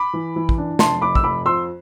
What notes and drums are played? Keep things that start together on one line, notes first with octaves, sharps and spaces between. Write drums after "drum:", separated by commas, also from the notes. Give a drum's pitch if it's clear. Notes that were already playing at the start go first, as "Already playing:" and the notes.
Already playing: B5 D6
E3
E3
drum: kick
D4
F1 A5 C6, drum: snare
F1 B5 D6
E6, drum: kick
F1 B5 D6
F2 C6 E6